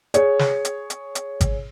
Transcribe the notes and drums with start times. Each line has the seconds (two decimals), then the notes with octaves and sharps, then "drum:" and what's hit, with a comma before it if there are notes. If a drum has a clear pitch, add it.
0.14 G#4 C#5, drum: hi-hat
0.39 drum: snare
0.65 drum: hi-hat
0.90 drum: hi-hat
1.15 drum: hi-hat
1.41 drum: kick G#1, hi-hat